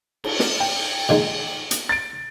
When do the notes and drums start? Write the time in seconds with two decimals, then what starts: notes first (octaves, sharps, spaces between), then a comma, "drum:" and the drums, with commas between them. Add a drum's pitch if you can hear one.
0.24 drum: cymbal
0.40 drum: snare
0.60 G5
1.09 A#2 D#3 G#3
1.71 drum: hi-hat
1.89 A6 D7